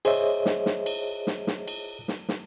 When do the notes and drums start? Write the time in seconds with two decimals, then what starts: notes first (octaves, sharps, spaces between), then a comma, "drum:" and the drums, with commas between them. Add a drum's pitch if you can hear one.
0.05 G#4 C5 C#5 D#5 E5, drum: cymbal
0.46 drum: snare
0.66 drum: snare
0.86 drum: cymbal
1.27 drum: snare
1.47 drum: snare
1.68 drum: cymbal
2.08 drum: snare
2.29 drum: snare